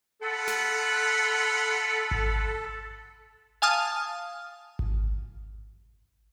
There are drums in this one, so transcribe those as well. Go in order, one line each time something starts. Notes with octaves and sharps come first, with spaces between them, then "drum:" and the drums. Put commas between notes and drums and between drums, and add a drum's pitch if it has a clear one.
F4 A4 F#5 B5
drum: snare
drum: kick G#1
F5 G#5 A5 D#6 F6 D#7
drum: kick G#1